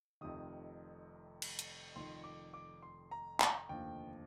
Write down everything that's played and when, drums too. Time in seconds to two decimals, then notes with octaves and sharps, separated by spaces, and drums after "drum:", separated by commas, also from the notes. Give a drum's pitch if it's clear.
0.21 F1 F2 C3 D#3 D#6
1.42 drum: cymbal
1.59 drum: hi-hat
1.95 F1 F2 D#3 C6
2.24 D6
2.54 D6
2.83 C6
3.11 A#5
3.40 A#5, drum: clap
3.69 F1 D#2 D3 F3 G5